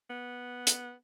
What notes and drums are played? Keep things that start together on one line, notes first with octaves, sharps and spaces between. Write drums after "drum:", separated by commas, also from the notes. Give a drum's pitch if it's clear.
B3
drum: hi-hat